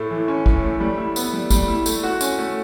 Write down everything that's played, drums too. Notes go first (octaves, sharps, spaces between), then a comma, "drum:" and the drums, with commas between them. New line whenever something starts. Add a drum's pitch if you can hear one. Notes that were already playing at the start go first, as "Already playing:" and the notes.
Already playing: A2 A3
E3
C#4
A2, drum: kick
A3
G3
E4
B3, drum: tambourine
G3
G3, drum: kick, tambourine
E4
A3, drum: tambourine
F#4
C#4, drum: tambourine
A3